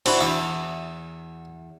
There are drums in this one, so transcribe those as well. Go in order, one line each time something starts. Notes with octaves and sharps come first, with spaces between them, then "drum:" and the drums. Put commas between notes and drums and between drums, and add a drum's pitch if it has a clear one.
C4 D4 E4 F#4, drum: cymbal
E2 E5